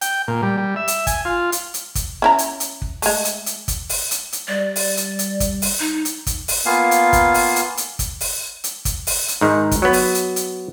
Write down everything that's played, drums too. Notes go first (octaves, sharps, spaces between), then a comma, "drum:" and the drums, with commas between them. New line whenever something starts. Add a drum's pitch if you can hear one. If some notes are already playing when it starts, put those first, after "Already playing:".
G5, drum: hi-hat
A#2
G3
G3
E5
drum: hi-hat
G#5, drum: kick, hi-hat
F4
drum: hi-hat
drum: hi-hat
drum: kick, hi-hat
C#4 E4 A#5
drum: hi-hat
drum: hi-hat
drum: kick
G#3 A3, drum: open hi-hat
drum: hi-hat
drum: hi-hat
drum: kick, hi-hat
drum: open hi-hat
drum: hi-hat
drum: hi-hat
G3 D5
drum: open hi-hat
drum: hi-hat
drum: hi-hat
drum: kick, hi-hat
drum: open hi-hat
D#4
drum: hi-hat
drum: kick, hi-hat
drum: open hi-hat
A#3 B3 F4 F5 G#5
drum: hi-hat
drum: kick, hi-hat
drum: open hi-hat
drum: hi-hat
drum: hi-hat
drum: kick, hi-hat
drum: open hi-hat
drum: hi-hat
drum: kick, hi-hat
drum: open hi-hat
drum: hi-hat
G#2 D#3
drum: kick, hi-hat
F#3 B3
drum: open hi-hat
drum: hi-hat
drum: hi-hat